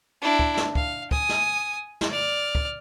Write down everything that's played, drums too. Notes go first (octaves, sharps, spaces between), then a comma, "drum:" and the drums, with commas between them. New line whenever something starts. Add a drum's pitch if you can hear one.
D4 E4
drum: kick
drum: snare
F5, drum: kick
G#5 D#6, drum: kick
drum: snare
drum: snare
D5 F6
drum: kick